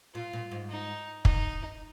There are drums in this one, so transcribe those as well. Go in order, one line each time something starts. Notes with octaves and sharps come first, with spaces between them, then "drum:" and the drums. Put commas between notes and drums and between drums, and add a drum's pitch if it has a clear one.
A#2 F4
A#2
G#2
D#4
D#4, drum: kick